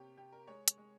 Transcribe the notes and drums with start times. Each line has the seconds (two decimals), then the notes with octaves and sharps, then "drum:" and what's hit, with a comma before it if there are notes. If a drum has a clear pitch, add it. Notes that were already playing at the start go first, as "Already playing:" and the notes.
Already playing: C3 A#3 G4 C#5
0.17 C3 G4
0.32 A#4
0.47 G#3 C#5
0.68 drum: hi-hat
0.78 G#3